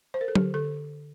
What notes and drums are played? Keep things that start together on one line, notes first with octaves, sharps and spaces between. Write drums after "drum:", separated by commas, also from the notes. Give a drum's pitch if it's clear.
C5
A#4
A4
D3 G4, drum: tom F#3
D3 A4